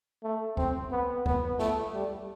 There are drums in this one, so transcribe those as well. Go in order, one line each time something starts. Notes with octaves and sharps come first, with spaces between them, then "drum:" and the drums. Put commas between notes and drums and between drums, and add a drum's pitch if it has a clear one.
A3
C4, drum: kick
B3
B3, drum: kick
A3, drum: snare
G3